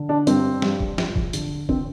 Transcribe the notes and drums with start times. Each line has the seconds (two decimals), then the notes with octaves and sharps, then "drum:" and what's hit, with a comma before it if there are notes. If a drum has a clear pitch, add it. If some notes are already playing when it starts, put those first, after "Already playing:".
Already playing: D3
0.09 D4
0.27 G2 C4, drum: hi-hat
0.62 G2, drum: snare
0.80 drum: kick
0.98 F3, drum: snare
1.16 drum: kick
1.33 D3, drum: hi-hat
1.69 C4, drum: kick